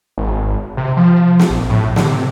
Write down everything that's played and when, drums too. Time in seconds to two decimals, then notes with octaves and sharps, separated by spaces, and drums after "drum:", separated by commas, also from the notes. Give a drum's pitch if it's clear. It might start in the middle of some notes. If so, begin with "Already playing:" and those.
0.18 G#1
0.77 C3
0.97 F3
1.39 drum: snare
1.50 A#1
1.70 A2
1.96 D3, drum: snare
2.10 C3